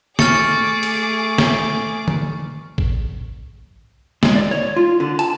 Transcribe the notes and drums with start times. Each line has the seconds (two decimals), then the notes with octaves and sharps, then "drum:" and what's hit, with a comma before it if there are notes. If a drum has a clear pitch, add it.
0.19 A3 G#4 C#6 D6 F6 A6 C#7, drum: snare
0.83 drum: cymbal
1.38 drum: snare
2.08 drum: tom D3
2.78 drum: kick
4.23 G#3, drum: snare
4.36 D5
4.51 C#5
4.76 F4
5.00 D3
5.19 A5, drum: hi-hat